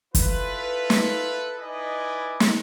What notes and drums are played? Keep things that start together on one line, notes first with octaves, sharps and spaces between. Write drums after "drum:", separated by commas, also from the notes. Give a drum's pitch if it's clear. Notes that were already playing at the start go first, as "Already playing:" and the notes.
E4 F4 A4 B4, drum: kick, hi-hat
drum: snare
D#4 E4 B4 D5 D#5 G#5
drum: snare